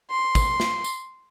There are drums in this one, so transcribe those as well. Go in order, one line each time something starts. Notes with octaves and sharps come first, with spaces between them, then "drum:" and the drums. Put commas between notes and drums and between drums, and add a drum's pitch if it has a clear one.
C6
drum: kick, tambourine
drum: snare
drum: tambourine